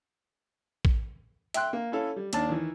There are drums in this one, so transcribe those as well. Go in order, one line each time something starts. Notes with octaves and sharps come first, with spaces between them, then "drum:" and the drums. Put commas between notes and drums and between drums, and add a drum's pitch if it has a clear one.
drum: kick A1
E5 G5 C6 F#6, drum: hi-hat
A#3
C#4 E4 A4 F5
G3
D#2 D4 A5, drum: hi-hat
D#3 E3